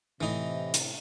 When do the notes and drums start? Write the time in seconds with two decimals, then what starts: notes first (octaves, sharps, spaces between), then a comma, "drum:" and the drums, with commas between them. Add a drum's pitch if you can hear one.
0.21 A2 C3 E3 D#4 D#5
0.74 drum: hi-hat